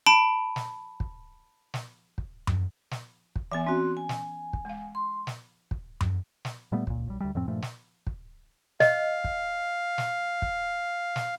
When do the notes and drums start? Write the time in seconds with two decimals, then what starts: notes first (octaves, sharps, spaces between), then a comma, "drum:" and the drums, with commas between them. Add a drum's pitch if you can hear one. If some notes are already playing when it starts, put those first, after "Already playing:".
0.06 A5 B5 D7
0.56 drum: snare
1.00 drum: kick
1.74 drum: snare
2.18 drum: kick
2.47 drum: tom F#2
2.91 drum: snare
3.36 drum: kick
3.52 E3 B3 E5 G#5
3.67 C4 C#4 F#4
3.97 G#5
4.09 drum: snare
4.53 drum: kick
4.65 G#3 F5
4.95 C6
5.27 drum: snare
5.71 drum: kick
6.01 drum: tom F#2
6.45 drum: snare
6.72 A#2 G3 A3 B3
6.87 C#2 A#2, drum: kick
7.08 B1 G3
7.20 D2 G3
7.35 F2 A2 F3 C4
7.48 G2 A#2 F3 A3
7.62 drum: snare
8.07 drum: kick
8.80 D#5 F5, drum: snare
9.24 drum: kick
9.98 drum: snare
10.42 drum: kick
11.16 drum: snare